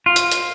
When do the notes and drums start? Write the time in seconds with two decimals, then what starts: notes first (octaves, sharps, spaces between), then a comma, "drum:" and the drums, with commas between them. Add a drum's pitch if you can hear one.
0.06 F4
0.16 drum: hi-hat
0.31 drum: hi-hat